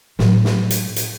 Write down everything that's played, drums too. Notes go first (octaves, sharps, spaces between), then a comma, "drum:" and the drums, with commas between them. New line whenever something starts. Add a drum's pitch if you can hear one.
A2 F#3, drum: snare
drum: snare
drum: hi-hat
drum: hi-hat